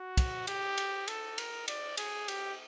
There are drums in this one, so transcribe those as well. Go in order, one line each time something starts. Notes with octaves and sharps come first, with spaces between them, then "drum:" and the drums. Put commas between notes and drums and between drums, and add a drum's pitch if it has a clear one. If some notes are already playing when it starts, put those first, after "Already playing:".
Already playing: F#4
drum: kick, cymbal
G4, drum: cymbal
drum: cymbal
A4, drum: cymbal
A#4, drum: cymbal
D5, drum: cymbal
G#4, drum: cymbal
G4, drum: cymbal